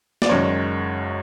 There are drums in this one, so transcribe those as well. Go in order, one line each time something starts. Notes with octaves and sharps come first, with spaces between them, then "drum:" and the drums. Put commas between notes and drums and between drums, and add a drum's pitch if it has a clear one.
D5, drum: snare
F#1 F#2 D#3 G#3 C#5